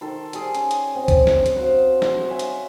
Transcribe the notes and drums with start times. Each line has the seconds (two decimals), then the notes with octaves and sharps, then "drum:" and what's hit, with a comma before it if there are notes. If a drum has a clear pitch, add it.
0.01 D#3 A4 C6
0.33 G3 G#4 D6, drum: hi-hat
0.55 C#4, drum: hi-hat
0.71 drum: hi-hat
0.95 C4 D#5
1.08 drum: kick C2, hi-hat
1.27 drum: snare
1.46 drum: hi-hat
1.55 F#4 C5 D#5 F5
2.02 drum: snare
2.27 C#5 E5 F5 G#5
2.39 drum: hi-hat